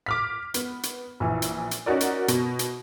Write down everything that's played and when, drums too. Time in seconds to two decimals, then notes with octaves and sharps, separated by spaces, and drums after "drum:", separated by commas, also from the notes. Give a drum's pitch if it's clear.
0.06 D6 F6 B6
0.54 B3, drum: hi-hat
0.83 drum: hi-hat
1.20 A#1 E3
1.42 drum: hi-hat
1.71 drum: hi-hat
1.86 C#4 D#4 F#4 A#4 D5
2.01 drum: hi-hat
2.28 B2, drum: hi-hat
2.59 drum: hi-hat